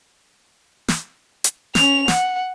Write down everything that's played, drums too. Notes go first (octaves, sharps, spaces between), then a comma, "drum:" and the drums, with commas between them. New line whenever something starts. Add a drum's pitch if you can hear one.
drum: snare
drum: hi-hat
C#4 F7, drum: snare
F#5, drum: snare